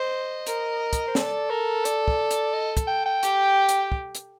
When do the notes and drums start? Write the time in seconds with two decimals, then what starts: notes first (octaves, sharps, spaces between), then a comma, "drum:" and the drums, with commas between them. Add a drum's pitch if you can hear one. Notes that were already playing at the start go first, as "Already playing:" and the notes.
Already playing: C5 D#5
0.47 A#4, drum: hi-hat
0.93 drum: kick, hi-hat
1.08 C5
1.15 A4 D5, drum: snare
1.50 A#4
1.85 D5, drum: hi-hat
2.08 drum: kick
2.31 drum: hi-hat
2.54 D#5
2.77 drum: kick, hi-hat
2.88 G5
3.06 G5
3.23 G4, drum: hi-hat
3.69 drum: hi-hat
3.92 drum: kick
4.15 drum: hi-hat